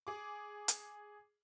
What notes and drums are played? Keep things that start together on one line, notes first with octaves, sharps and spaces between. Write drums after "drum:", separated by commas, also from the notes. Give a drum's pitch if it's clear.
G#4 D6
drum: hi-hat